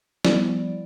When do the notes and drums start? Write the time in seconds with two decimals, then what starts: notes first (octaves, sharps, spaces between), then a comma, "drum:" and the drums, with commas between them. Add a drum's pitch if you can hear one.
0.25 F3 G3 B3 E4 D5, drum: snare